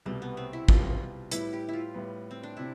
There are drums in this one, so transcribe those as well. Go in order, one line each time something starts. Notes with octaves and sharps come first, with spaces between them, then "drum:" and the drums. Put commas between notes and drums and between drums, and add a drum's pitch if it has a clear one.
C2 B2 G3 A3
B3
C4
E4
C2 B2 G3 F4, drum: kick
A2 G3 B3 E4, drum: hi-hat
G4
E4 F4
A2 G3 B3
C4
D4
C3 E4